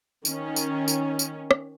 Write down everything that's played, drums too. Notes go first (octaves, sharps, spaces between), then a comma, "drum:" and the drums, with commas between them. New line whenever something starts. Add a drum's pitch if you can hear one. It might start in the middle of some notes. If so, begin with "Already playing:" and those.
D#3 C#4, drum: tambourine
drum: tambourine
drum: tambourine
drum: tambourine
drum: rim click